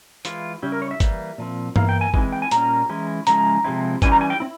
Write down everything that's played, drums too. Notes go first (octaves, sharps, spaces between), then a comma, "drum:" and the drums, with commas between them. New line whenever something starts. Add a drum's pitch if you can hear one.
E3 G#3 E4 F4, drum: hi-hat
C#3 G3 C#4 E4 G4
A#4
C#5
E5
E3 G3 A#3, drum: kick, hi-hat
A#2 F3 C4
E3 A#3 E4 F5, drum: tom G2
G5
G#5
E3 G#3 C4 E4 G#5, drum: kick
G5
G#5
A#2 G3 A#3 C#4 A#5, drum: hi-hat
E3 G#3 C#4 E4
C#3 F3 G#3 E4 A#5, drum: hi-hat
C3 F3 G#3 C4 E4
E3 G3 C#4 E4 G#5, drum: kick, hi-hat
A#5
G#5
G5
C4 E4